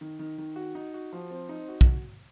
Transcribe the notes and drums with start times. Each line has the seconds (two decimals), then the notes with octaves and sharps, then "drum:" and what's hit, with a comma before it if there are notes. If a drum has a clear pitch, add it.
0.01 D#3
0.19 D#3
0.38 D#3
0.56 F#4
0.75 D#4
0.94 F#4
1.13 F3
1.31 C4
1.49 D#4
1.68 F#4
1.81 drum: kick B1